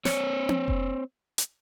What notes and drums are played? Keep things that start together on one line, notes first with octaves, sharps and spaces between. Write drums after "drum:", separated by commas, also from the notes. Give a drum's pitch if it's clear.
C4 C#5, drum: snare
drum: tom C4
drum: kick F1
drum: hi-hat